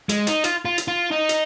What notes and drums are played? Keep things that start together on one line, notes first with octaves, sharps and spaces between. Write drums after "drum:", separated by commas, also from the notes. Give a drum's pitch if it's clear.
G#3, drum: hi-hat
D#4, drum: hi-hat
F4, drum: hi-hat
F4
drum: hi-hat
F4
D#4
drum: hi-hat